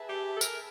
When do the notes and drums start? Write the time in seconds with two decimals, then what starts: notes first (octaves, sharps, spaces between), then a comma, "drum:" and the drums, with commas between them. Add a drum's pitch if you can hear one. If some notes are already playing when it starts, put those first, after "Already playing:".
Already playing: G#4 B4 E5 A5
0.09 G4
0.34 A4
0.41 A#4, drum: tambourine